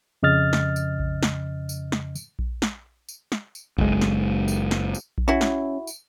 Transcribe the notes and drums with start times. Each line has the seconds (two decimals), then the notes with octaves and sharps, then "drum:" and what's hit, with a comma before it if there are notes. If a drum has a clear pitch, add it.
0.23 F2 C#3 D#5 F6 A6
0.53 drum: snare
0.76 drum: tambourine
0.99 drum: kick A#1
1.23 drum: snare
1.69 drum: tambourine
1.92 drum: snare
2.16 drum: tambourine
2.39 drum: kick A#1
2.62 drum: snare
3.09 drum: tambourine
3.32 drum: snare
3.55 drum: tambourine
3.78 F#1 G#3, drum: kick A#1
4.01 drum: snare
4.48 drum: tambourine
4.71 drum: snare
4.94 drum: tambourine
5.18 drum: kick A#1
5.28 C#4 E4 F#4
5.41 drum: snare
5.87 drum: tambourine